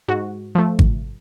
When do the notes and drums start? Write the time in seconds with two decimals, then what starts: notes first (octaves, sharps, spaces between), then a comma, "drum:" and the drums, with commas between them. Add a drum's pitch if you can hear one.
0.08 G#2 F#4
0.55 F3 A3
0.79 drum: kick G#1